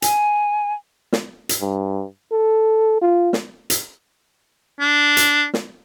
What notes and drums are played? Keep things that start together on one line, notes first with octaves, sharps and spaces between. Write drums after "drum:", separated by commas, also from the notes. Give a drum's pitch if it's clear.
G#5, drum: hi-hat
drum: snare
drum: hi-hat
G2
A4
F4
drum: snare
drum: hi-hat
D4
drum: hi-hat
drum: snare